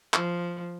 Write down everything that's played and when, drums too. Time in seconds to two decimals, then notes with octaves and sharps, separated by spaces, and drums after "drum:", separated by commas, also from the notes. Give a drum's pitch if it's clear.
0.14 F3, drum: clap